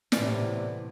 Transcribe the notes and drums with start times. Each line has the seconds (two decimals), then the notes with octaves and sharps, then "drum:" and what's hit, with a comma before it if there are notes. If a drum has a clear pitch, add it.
0.12 A2 C3 E3 B3 D5, drum: snare